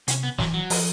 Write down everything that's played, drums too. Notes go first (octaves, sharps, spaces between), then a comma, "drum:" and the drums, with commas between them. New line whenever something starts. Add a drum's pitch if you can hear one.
C3 C#4, drum: hi-hat
B3
E3 F#3, drum: snare
F#3
F3, drum: open hi-hat